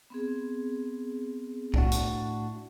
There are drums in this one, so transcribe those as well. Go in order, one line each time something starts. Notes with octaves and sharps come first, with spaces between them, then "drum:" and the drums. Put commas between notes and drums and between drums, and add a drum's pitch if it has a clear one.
B3 C4 G#4
A2 D4 F#4, drum: kick C2
drum: hi-hat